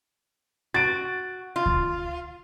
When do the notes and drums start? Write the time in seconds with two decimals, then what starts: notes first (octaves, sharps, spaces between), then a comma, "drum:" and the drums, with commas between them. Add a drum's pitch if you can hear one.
0.74 F#4 A6 D7
1.56 F4
1.66 drum: kick D2